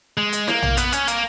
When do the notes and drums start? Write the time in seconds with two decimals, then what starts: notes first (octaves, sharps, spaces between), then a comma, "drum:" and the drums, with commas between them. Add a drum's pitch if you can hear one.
0.17 G#3
0.33 drum: hi-hat
0.48 A#3, drum: snare
0.62 drum: tom
0.77 B3, drum: hi-hat
0.92 C#4, drum: hi-hat
1.08 A#3, drum: hi-hat